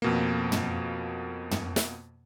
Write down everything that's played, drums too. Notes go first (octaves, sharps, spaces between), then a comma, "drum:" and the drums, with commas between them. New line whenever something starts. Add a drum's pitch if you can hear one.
F2 B2 A#3
drum: tom
drum: tom
drum: snare